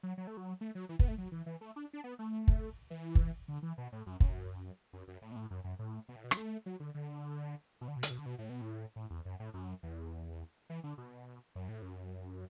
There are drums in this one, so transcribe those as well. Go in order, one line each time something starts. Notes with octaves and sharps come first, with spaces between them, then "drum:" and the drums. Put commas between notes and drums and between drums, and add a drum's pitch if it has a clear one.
F#3
F#3
A3
F#3
A3
F#3
E3
B3, drum: kick
A3
F#3
E3
E3
A3
D4
D4
B3
A3
drum: kick
E3
drum: kick
D3
E3
B2
A2
F#2
F#2, drum: kick
F#2
F#2
A2
B2
A2
F#2
F#2
A2
B2
A2
B2
F#3, drum: rim click
A3
F#3
D3
D3
B2
D3
B2
D3, drum: hi-hat
B2
D3
B2
A2
B2
A2
A2
E2
F#2
A2
F#2
E2
E3
D3
B2
F#2
A2
F#2